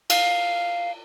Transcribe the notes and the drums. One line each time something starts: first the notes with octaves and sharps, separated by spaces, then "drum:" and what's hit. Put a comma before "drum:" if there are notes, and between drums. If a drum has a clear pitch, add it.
F5, drum: cymbal